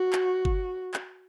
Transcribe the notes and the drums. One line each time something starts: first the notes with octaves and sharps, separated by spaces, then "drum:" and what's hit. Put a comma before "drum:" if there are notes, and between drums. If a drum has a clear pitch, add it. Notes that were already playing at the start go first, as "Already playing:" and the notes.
Already playing: F#4
drum: clap
drum: kick G1
drum: clap